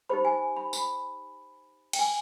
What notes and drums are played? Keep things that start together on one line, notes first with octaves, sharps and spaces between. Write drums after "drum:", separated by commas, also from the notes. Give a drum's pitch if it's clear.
D#4 G4 C5 B5
G#5
B5
B5, drum: tambourine
G5, drum: cymbal
G#5